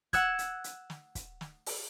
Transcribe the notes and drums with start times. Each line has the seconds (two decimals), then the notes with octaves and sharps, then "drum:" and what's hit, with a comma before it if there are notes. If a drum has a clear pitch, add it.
0.13 F#5 E6 F#6 G#6, drum: kick, hi-hat
0.39 drum: hi-hat
0.64 drum: hi-hat
0.90 drum: snare
1.15 drum: kick, hi-hat
1.41 drum: snare
1.66 drum: open hi-hat